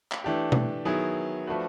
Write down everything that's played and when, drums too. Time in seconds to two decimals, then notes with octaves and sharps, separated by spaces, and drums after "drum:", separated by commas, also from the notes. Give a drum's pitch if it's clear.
0.12 drum: clap
0.24 E3 A3 D4 G4
0.52 drum: tom B2
0.85 D#3 F#3 B3 E4 G#4
1.47 F3 A3 D4 F#4 B4